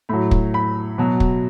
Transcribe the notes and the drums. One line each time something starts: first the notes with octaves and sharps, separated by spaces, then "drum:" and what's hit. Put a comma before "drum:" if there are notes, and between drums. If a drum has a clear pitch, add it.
A2 F#3 B5
drum: kick
B5
B2 F#3
drum: kick